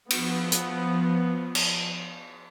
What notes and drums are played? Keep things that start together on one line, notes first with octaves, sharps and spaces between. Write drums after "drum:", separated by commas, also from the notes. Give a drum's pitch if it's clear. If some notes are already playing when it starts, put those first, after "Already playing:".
F3 B3, drum: cymbal
drum: hi-hat
drum: cymbal